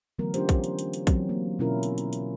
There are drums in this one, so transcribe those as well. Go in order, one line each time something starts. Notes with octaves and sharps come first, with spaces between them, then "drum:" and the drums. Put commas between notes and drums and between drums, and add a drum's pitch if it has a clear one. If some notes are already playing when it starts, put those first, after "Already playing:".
D3 E3 F#3 A3 B3 A#4
C#4 D4 F4 G4 C5, drum: hi-hat
drum: kick, hi-hat
drum: hi-hat
drum: hi-hat
drum: hi-hat
E3 F#3 C4, drum: kick, hi-hat
A#3
B2 D3 C#4 E4 F4 A#4
drum: hi-hat
drum: hi-hat
drum: hi-hat